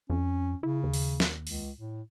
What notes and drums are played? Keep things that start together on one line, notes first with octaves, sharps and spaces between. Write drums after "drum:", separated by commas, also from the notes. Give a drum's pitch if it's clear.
F2 C#4
C#3 E4
D#2
drum: open hi-hat
drum: snare
C#2, drum: open hi-hat
A2